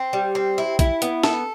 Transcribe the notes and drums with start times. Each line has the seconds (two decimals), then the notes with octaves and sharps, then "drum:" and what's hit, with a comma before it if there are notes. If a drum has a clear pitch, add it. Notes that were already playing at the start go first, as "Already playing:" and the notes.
Already playing: C4
0.13 G3
0.35 C4
0.58 E4
0.79 E4, drum: kick, hi-hat
1.02 B3, drum: hi-hat
1.24 A4, drum: snare